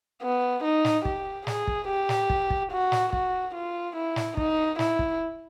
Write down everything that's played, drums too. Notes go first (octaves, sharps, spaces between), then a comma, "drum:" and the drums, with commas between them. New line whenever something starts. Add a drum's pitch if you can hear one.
B3
D#4
drum: snare
G4, drum: kick
G#4, drum: snare
drum: kick
G4
drum: snare
drum: kick
drum: kick
F#4
drum: snare
F#4, drum: kick
F4
E4
drum: snare
D#4, drum: kick
E4, drum: snare
drum: kick